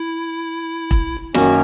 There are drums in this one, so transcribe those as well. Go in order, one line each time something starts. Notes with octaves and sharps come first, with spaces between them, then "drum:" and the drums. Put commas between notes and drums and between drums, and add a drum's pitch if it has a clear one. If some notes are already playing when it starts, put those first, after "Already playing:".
Already playing: E4
drum: kick E1
F#2 D#3 A#3 C#4 F#4, drum: snare